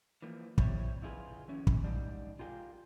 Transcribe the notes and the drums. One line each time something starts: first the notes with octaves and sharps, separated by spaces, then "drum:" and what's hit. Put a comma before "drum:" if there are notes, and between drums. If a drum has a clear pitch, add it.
E3 F3 A#3
G3 C4 E4 C#5, drum: kick
D3 E4 F4 G#4 B4
E3 F#3 C#4 E4
drum: kick
G#2 G3 D4
F4 G4 G#4 A#4 F5 G5